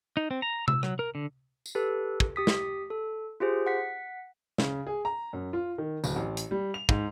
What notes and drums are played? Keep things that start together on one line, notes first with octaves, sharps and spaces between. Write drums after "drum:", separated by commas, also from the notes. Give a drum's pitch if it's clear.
D#4
C4
A#5
E6, drum: tom C3
F#3, drum: rim click
A#4
D3
drum: tambourine
G4 A4 B4
drum: kick
G4 D#6 B6
drum: snare
A4
F4 G4 G#4 C5
F#5 B6
C#3, drum: snare
G#4
A#5
F#2
F4
D#3
D1, drum: tambourine
A1
drum: hi-hat
G3
F7
G#2, drum: kick